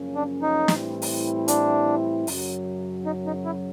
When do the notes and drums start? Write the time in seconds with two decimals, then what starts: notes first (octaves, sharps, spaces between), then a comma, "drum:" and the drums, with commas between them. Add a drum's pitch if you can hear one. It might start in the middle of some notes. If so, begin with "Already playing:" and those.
Already playing: F#2 C#3 F3 A#3 C#4
0.15 D4
0.42 D#4
0.68 A2 E3 G3 C4 E4, drum: snare
1.02 drum: open hi-hat
1.48 D4, drum: hi-hat
2.27 F#2 C#3 F#3, drum: open hi-hat
3.05 D#4
3.26 D#4
3.45 E4